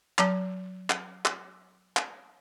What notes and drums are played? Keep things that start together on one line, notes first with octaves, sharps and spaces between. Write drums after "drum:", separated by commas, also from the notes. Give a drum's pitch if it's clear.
F#3 A5 A#5, drum: clap
drum: clap
drum: clap
drum: clap